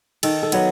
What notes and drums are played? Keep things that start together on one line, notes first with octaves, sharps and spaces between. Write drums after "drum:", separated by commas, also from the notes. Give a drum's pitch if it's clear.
D#3 A4, drum: cymbal
A4
F#3 B3, drum: cymbal